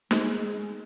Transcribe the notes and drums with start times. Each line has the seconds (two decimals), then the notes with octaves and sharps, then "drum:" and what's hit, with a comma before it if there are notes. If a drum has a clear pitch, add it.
0.11 G#3, drum: snare